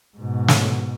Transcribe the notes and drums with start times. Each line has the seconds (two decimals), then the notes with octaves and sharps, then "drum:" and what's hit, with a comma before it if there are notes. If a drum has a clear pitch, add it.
0.17 G#2 B2
0.48 drum: snare